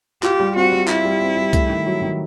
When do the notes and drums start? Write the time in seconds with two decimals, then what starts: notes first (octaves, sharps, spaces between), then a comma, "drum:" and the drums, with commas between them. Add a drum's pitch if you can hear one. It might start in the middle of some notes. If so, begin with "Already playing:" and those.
0.23 F4 G4, drum: clap
0.40 G3
0.56 C4 F#4
0.72 G3
0.88 E4 F4, drum: clap
1.05 G3
1.21 C4
1.37 G3
1.53 A3, drum: kick C2, hi-hat
1.69 D#3
1.86 F#3
2.02 D#3